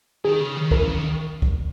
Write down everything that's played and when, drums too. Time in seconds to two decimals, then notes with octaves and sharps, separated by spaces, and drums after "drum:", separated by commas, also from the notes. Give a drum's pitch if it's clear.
0.25 D#3 G#4
0.41 C#3
0.56 D#3
0.71 E3 A#4, drum: kick
0.83 C#3
0.95 D#3
1.42 drum: kick